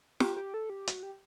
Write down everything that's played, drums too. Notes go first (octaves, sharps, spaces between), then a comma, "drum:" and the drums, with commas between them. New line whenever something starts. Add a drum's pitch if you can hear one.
G4, drum: snare
G4
A4
G4
F#4, drum: hi-hat
G4